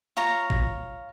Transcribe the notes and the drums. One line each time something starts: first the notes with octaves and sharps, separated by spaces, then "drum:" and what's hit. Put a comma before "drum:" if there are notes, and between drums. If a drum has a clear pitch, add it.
F4 C#5 A#5
drum: kick